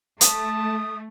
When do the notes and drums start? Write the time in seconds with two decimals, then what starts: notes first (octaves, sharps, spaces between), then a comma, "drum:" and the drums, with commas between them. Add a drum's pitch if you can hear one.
0.21 A3 A5 D#6, drum: hi-hat